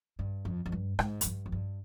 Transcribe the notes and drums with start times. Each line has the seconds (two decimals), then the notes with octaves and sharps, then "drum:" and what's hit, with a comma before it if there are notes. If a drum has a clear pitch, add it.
0.19 G2
0.45 F2
0.66 F2
0.72 G2
0.99 G#2, drum: rim click
1.21 F2, drum: hi-hat
1.26 G2
1.46 F2
1.52 G2